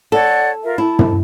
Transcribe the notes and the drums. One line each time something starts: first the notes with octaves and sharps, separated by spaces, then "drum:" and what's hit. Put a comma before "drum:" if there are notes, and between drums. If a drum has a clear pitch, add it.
A4 C#5 D5 F#5
F4 A#4 E5
E4 A5
drum: tom